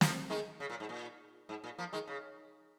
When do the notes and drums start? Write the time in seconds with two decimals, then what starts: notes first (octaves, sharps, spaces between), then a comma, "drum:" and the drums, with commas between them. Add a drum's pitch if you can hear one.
0.01 F3 A#3, drum: snare
0.30 D#3 G#3
0.60 C#3
0.70 A#2
0.80 G#2
0.89 A#2
1.49 G#2
1.64 A#2
1.78 F3 A#3
1.93 D#3 G#3
2.07 C#3